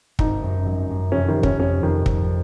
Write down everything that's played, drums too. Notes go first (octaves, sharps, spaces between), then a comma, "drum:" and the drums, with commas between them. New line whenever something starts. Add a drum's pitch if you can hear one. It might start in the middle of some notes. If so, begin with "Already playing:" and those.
G#1 D#4, drum: kick
F#2
F#3
F#2
F1 C#4
D#3
F1
C#4, drum: kick
F2 C#4
F2 D#3
F2, drum: kick